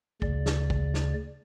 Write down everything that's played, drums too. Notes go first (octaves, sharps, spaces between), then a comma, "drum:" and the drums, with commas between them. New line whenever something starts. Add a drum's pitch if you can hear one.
D2 C#3 D5, drum: kick
drum: snare
drum: kick
drum: snare